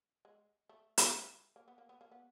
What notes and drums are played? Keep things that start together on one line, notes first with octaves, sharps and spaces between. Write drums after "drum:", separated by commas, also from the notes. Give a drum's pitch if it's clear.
G#3
A3
drum: hi-hat
A#3
B3
A#3
B3
A#3
B3